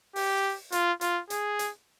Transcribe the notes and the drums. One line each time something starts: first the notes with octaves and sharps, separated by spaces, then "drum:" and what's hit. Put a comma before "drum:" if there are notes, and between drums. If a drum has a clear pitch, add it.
G4, drum: open hi-hat
F4, drum: hi-hat
F4, drum: hi-hat
G#4, drum: hi-hat
drum: hi-hat